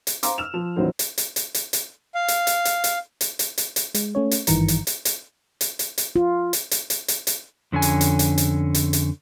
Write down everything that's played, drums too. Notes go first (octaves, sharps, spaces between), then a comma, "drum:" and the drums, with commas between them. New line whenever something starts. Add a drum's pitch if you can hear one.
drum: hi-hat
C5 F5 A#5 C6 D6, drum: hi-hat
E6 F6 E7 F7
F3 E7
A1 D#2 A2 F#3 C5
drum: hi-hat
drum: hi-hat
drum: hi-hat
drum: hi-hat
drum: hi-hat
F5
drum: hi-hat
drum: hi-hat
drum: hi-hat
drum: hi-hat
drum: hi-hat
drum: hi-hat
drum: hi-hat
drum: hi-hat
G#3, drum: hi-hat
A3 C#4 C#5
drum: hi-hat
G#1 G2 D#3 E3 A#5 C#7, drum: hi-hat
drum: hi-hat
drum: hi-hat
drum: hi-hat
drum: hi-hat
drum: hi-hat
drum: hi-hat
F4
drum: hi-hat
drum: hi-hat
drum: hi-hat
drum: hi-hat
drum: hi-hat
F2 D3 C#4 E4 G#5
drum: hi-hat
drum: hi-hat
drum: hi-hat
drum: hi-hat
drum: hi-hat
drum: hi-hat